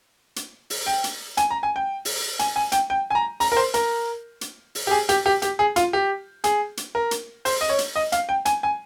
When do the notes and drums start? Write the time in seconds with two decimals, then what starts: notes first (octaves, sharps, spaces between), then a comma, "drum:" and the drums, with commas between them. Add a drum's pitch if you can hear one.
0.36 drum: hi-hat
0.70 drum: open hi-hat
0.87 G5
1.04 drum: hi-hat
1.37 G#5, drum: hi-hat
1.50 A#5
1.63 G#5
1.76 G5
2.05 drum: open hi-hat
2.39 G#5, drum: hi-hat
2.56 G#5
2.72 G5, drum: hi-hat
2.90 G5
3.10 G#5
3.15 A#5
3.40 A#5, drum: open hi-hat
3.52 A#4
3.57 C5
3.74 A#4, drum: hi-hat
4.41 drum: hi-hat
4.75 drum: open hi-hat
4.87 G4
4.91 G#4
5.09 G4, drum: hi-hat
5.26 G4
5.42 G4, drum: hi-hat
5.59 G#4
5.76 F4, drum: hi-hat
5.93 G4
6.44 G#4, drum: hi-hat
6.77 drum: hi-hat
6.95 A#4
7.11 drum: hi-hat
7.45 C5, drum: open hi-hat
7.61 D#5
7.70 C#5
7.79 drum: hi-hat
7.96 D#5
8.12 F5, drum: hi-hat
8.29 G5
8.45 G#5, drum: hi-hat
8.63 G#5